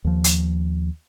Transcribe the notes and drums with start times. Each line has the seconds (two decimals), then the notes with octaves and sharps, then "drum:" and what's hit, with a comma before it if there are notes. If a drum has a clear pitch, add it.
0.04 D#2 F3
0.24 drum: hi-hat